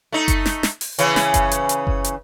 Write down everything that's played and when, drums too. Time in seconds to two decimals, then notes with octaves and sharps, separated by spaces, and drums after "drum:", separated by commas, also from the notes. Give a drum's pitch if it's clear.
0.12 A3 D#4
0.28 drum: kick F#1, hi-hat
0.46 drum: snare
0.63 drum: snare
0.81 drum: open hi-hat
0.99 C#3 E3 C#4, drum: hi-hat
1.16 drum: snare
1.34 drum: kick F#1, hi-hat
1.51 drum: hi-hat
1.69 drum: hi-hat
1.87 drum: kick F#1
2.04 drum: hi-hat